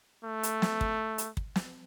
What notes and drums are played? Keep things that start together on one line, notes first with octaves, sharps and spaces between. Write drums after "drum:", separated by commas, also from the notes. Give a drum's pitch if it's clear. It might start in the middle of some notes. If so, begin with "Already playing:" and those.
A3
drum: hi-hat
drum: snare
drum: kick
drum: hi-hat
drum: kick
drum: snare